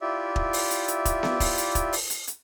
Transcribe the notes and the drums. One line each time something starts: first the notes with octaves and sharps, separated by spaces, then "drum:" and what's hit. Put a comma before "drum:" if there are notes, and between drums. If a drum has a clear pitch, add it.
E4 F4 G4 D5 E5
drum: kick
drum: open hi-hat
drum: hi-hat
drum: hi-hat
drum: kick, hi-hat
drum: snare B3
drum: kick, open hi-hat
drum: hi-hat
drum: kick, hi-hat
drum: open hi-hat
drum: hi-hat
drum: hi-hat